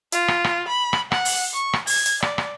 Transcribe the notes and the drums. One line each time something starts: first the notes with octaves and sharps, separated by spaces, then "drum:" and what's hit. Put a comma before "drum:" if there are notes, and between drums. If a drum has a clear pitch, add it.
F4, drum: hi-hat
drum: rim click
drum: rim click
B5
drum: rim click
F#5, drum: rim click
drum: open hi-hat
C#6
drum: rim click
G#6, drum: open hi-hat
drum: hi-hat
D5, drum: rim click
drum: rim click